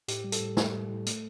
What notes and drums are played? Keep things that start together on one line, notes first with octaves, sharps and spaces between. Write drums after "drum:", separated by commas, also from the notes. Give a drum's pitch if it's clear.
A2 G4, drum: hi-hat
G3
A4, drum: hi-hat
A2
G3, drum: snare
A2
A2
A3, drum: hi-hat